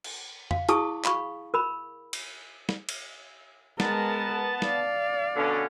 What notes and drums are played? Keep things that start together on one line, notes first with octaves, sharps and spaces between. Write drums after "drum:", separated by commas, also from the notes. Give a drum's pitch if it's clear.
drum: cymbal
F5, drum: tom F2
E4 G#4 A5 C#6 D#6, drum: hi-hat
F5 B5 C#6, drum: clap
A#4 B5
drum: cymbal
drum: snare
drum: cymbal
G#3 B3 A#4 A5, drum: snare
D5 F5, drum: snare
B2 D3 C#4